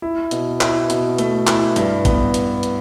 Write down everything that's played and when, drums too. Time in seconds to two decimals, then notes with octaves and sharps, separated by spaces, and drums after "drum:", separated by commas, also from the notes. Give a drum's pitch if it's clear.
0.02 E4
0.31 B2, drum: hi-hat
0.61 E4, drum: clap
0.90 B2, drum: hi-hat
1.18 A3, drum: hi-hat
1.47 E4, drum: clap
1.76 G2, drum: hi-hat
2.05 B3, drum: kick G#1, hi-hat
2.34 drum: hi-hat
2.63 drum: hi-hat